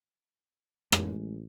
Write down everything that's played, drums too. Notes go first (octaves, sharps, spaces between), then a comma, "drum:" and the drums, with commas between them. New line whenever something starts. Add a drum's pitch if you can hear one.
A1 G#3, drum: rim click